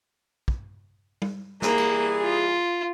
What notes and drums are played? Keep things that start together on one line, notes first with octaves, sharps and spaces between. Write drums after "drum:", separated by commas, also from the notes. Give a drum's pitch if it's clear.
drum: kick
drum: tom G3
E3 G3 A#3 G#4, drum: snare
drum: cymbal
F4